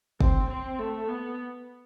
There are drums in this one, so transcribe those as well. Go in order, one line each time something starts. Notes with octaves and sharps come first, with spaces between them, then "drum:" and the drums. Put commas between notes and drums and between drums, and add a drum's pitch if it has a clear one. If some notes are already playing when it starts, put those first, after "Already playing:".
C4, drum: kick
C4
A3
B3